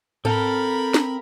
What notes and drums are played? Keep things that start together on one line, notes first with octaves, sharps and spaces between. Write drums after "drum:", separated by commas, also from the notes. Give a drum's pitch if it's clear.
C4 A4 A#4 F5 B5, drum: tom G#2
drum: snare